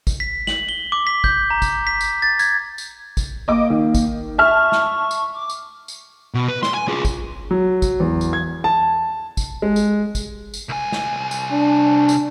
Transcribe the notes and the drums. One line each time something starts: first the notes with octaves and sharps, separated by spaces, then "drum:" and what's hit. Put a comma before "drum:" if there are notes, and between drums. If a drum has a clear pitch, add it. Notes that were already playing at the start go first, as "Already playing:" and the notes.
drum: kick G#1, tambourine
B6
F#7, drum: snare
G7
D6
B6
G6, drum: kick G#1
A#5
drum: kick G#1, tambourine
B6
drum: tambourine
A6
G#6, drum: tambourine
drum: tambourine
drum: kick G#1, tambourine
A#3 D#5 D6
D#3
drum: kick G#1, tambourine
E5 A5 C#6 F6
drum: snare
drum: tambourine
D6
drum: tambourine
drum: tambourine
B2
B4
C6, drum: snare
G#5
F4 G#4
drum: kick G#1, tambourine
F#3
drum: kick G#1, tambourine
E2
drum: tambourine
G#6
A5
drum: kick G#1, tambourine
G#3
drum: tambourine
drum: kick G#1, tambourine
drum: tambourine
C2 G#5
drum: snare
drum: tambourine
D4
drum: tambourine